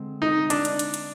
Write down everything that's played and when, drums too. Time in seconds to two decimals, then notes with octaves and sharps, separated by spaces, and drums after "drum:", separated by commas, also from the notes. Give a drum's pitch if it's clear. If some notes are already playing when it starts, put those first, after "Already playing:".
Already playing: D3 G#3 C4
0.22 D#4
0.50 D4, drum: hi-hat
0.65 drum: hi-hat
0.79 drum: hi-hat
0.94 drum: hi-hat